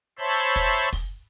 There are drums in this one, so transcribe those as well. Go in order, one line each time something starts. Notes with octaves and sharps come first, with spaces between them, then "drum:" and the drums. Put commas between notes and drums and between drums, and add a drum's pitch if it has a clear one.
C5 C#5 E5 A5 B5 C6, drum: hi-hat
drum: kick, hi-hat
drum: kick, open hi-hat